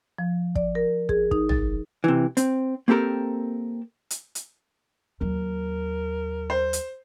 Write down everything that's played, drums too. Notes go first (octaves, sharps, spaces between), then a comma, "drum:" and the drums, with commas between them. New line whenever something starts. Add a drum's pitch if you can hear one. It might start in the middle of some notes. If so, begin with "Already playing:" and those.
F3
D5, drum: kick
A#4
G#4, drum: kick
D#4, drum: kick
A6, drum: tom
C3 E3
C4, drum: hi-hat
A#3 C4 G4 A4 A#4
drum: hi-hat
drum: hi-hat
D#2 F#3 A#4
C5
drum: hi-hat